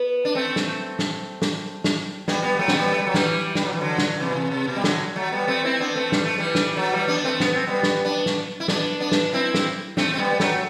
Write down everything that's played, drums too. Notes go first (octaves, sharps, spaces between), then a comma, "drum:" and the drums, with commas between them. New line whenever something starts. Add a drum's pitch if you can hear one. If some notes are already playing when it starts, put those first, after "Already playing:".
Already playing: B3
D4
A3 C4
drum: snare
drum: snare
drum: snare
drum: snare
G3 B3, drum: snare
G3 B3
F#3 A3
C4, drum: snare
G3 B3
A3
G3
F#3
E3 G3, drum: snare
G3, drum: snare
F#3
E3
D3 F#3
drum: snare
C3 E3
B2
C3
C3
B2
G3
D3 F#3, drum: snare
F#3 A3
G3 B3
A3 C4
C4 E4
B3 D4
A3 C4
G3, drum: snare
A3
E3 G3
drum: snare
F#3 A3
E3 G3
B3 D4
A3 C4
B3, drum: snare
C4
G3 B3
drum: snare
B3 D4
drum: snare
E4
B3 D4, drum: snare
B3 D4
drum: snare
C4 E4
drum: snare
A3 C4, drum: snare
C4
G3 B3
B3
F#3 A3, drum: snare